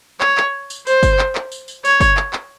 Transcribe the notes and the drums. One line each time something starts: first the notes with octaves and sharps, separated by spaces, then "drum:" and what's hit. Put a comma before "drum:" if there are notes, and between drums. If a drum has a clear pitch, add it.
C#5, drum: clap
drum: clap
drum: tambourine
C5, drum: tambourine
drum: kick G1, tambourine
drum: clap
drum: clap
drum: tambourine
drum: tambourine
C#5, drum: tambourine
drum: kick G1, tambourine
drum: clap
drum: clap